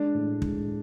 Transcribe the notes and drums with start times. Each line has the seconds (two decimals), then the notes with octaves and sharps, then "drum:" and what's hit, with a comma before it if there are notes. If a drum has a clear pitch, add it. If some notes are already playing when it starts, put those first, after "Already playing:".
Already playing: G#3 D4
0.15 A2
0.42 G#3, drum: kick